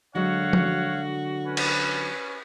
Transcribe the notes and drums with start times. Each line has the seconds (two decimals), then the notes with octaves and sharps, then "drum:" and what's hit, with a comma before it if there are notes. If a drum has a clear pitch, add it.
0.15 D3 F#3 G#3 F#4 C#5 F5 F#5
0.53 drum: tom F3
1.46 C#4 B4
1.57 drum: cymbal